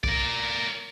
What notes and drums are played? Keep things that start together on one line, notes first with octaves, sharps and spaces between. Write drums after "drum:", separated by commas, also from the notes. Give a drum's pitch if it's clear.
A#4 D5, drum: kick B1